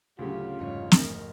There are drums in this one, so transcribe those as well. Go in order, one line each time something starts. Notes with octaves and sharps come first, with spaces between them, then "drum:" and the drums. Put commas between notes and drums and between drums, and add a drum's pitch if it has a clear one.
D2 A2 C#3 F#3 C#4 F4 G4
F1 F2 G#2 G3 C#5
A3 A#4, drum: snare